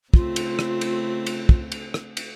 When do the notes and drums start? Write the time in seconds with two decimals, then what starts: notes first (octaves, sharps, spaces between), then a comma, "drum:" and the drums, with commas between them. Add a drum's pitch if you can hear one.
0.14 C#3 A3 C4 F4, drum: kick
0.36 drum: cymbal
0.59 drum: rim click
0.81 drum: cymbal
1.26 drum: cymbal
1.49 drum: kick
1.72 drum: cymbal
1.94 drum: rim click
2.17 drum: cymbal